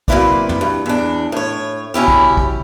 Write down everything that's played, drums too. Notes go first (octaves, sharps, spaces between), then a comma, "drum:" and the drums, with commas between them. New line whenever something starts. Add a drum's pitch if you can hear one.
F#3 A#3 C4 E4 B4 D5, drum: kick
drum: tom
G2
E2 D4
A2 C#5
B2 C#4 E4 G4
drum: kick
drum: kick